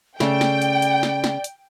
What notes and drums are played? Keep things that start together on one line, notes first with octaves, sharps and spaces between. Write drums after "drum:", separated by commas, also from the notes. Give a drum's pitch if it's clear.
C#3 A3 D5 G5, drum: snare
drum: snare
drum: hi-hat
drum: hi-hat
drum: snare
drum: snare
drum: hi-hat